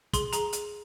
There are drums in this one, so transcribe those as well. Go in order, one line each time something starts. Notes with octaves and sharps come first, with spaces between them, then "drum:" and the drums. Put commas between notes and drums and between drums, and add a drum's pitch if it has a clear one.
G#4 C6, drum: kick, hi-hat
G#4 A#5, drum: hi-hat
drum: hi-hat